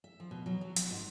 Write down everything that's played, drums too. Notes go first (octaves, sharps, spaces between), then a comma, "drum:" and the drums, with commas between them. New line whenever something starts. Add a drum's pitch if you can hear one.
E5
F3
B2
F#3
F#3
F#4, drum: hi-hat
G#2